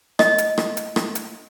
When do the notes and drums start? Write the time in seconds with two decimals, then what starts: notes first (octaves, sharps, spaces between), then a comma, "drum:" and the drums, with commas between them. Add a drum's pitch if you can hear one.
0.19 D#5, drum: rim click
0.38 drum: hi-hat
0.58 drum: rim click
0.77 drum: hi-hat
0.96 drum: rim click
1.15 drum: hi-hat